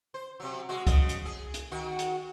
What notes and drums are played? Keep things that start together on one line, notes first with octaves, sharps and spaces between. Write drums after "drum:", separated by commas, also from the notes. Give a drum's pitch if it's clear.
C5
C3 F#3
G#3 F#4
C#3 D#5, drum: kick C2, hi-hat
drum: hi-hat
G#4
drum: hi-hat
D#3 F#4
drum: hi-hat